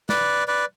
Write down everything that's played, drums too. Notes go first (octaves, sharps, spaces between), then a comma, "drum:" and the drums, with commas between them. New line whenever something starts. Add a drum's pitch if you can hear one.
B4 D5, drum: snare
B4 D5